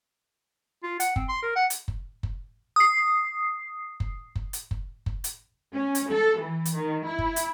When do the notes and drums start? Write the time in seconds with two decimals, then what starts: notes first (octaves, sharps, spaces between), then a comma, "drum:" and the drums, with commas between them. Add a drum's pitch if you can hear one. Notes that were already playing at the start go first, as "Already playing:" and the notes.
0.83 F4
1.00 F#5, drum: hi-hat
1.16 C4, drum: kick F#1
1.29 C6
1.43 A#4
1.56 F#5
1.70 drum: hi-hat
1.88 drum: kick F#1
2.23 drum: kick F#1
2.76 D#6 C7
4.00 drum: kick F#1
4.35 drum: kick F#1
4.53 drum: hi-hat
4.71 drum: kick F#1
5.06 drum: kick F#1
5.24 drum: hi-hat
5.75 C#4
5.95 drum: hi-hat
6.10 A4
6.40 E3
6.65 drum: hi-hat
6.75 D#3
7.05 E4
7.19 drum: kick F#1
7.36 drum: hi-hat